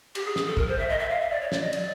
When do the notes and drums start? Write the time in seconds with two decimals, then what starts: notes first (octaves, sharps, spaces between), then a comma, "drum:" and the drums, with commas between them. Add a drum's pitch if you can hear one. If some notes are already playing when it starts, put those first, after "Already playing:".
0.15 G4, drum: cymbal
0.26 G#4
0.36 G#4, drum: snare
0.46 A4
0.57 A#4, drum: kick
0.68 C5
0.79 E5
0.89 D#5
0.99 E5
1.09 F5
1.20 E5
1.30 D5
1.41 C#5
1.52 D5, drum: snare
1.62 D#5
1.73 D5, drum: cymbal